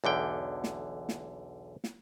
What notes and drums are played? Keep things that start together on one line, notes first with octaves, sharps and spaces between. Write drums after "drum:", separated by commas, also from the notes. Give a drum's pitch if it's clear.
B1 E2 D3 G5
drum: snare
drum: snare
drum: snare